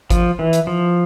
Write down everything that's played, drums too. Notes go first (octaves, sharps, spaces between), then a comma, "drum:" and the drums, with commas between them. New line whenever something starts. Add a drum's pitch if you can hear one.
F3, drum: kick G#1, hi-hat
E3
drum: hi-hat
F3